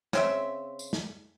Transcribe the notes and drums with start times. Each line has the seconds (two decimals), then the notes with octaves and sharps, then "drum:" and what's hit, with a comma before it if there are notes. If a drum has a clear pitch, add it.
0.13 C#3 C4 E5, drum: snare
0.79 drum: tambourine
0.93 drum: snare